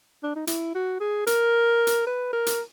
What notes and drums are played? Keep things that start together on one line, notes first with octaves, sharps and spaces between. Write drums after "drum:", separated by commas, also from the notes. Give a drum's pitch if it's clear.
D4
D#4
E4, drum: hi-hat
F#4
G#4
A#4, drum: hi-hat
drum: hi-hat
B4
A#4
drum: hi-hat